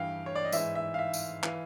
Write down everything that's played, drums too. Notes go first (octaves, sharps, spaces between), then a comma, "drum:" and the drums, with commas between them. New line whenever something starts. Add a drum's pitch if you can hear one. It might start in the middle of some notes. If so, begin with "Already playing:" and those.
Already playing: G2 E3 F5 G5
C#5
D5
D#5
G#2 E3 E5, drum: tambourine
E5
F5
E5
drum: tambourine
E3 F5, drum: clap